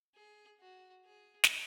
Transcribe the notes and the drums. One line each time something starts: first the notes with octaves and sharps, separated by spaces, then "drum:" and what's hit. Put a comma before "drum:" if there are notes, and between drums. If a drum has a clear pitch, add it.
G#4
F#4
G#4
drum: snare